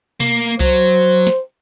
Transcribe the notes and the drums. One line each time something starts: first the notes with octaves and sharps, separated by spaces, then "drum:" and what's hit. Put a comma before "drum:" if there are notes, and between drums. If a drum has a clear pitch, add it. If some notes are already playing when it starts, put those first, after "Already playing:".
A#3, drum: tom B2
F#3 C5, drum: kick C2
drum: snare